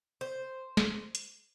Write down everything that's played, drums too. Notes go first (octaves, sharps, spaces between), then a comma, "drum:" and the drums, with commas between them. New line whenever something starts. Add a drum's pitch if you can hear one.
C5
drum: snare
drum: hi-hat